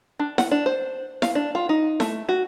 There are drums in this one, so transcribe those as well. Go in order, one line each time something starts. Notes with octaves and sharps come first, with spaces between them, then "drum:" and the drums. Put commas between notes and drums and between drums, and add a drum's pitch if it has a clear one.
D4
F#5, drum: snare E4
D4
C5
F5, drum: snare E4
D4
F4
D#4
A3, drum: snare E4
F#4